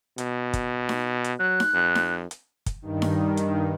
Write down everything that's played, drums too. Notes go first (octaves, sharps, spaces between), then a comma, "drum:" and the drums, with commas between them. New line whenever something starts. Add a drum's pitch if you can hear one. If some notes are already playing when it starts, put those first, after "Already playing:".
B2, drum: hi-hat
drum: kick, hi-hat
drum: snare D#4
drum: hi-hat
F#3 F#6
drum: snare D#4
F2
drum: snare D#4
drum: hi-hat
drum: kick, hi-hat
G2 D#3
drum: snare D#4
drum: hi-hat